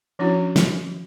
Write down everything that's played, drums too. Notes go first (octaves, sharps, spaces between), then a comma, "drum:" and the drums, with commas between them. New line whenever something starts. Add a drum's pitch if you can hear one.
F3 C#4 D4 E4 F#4
drum: snare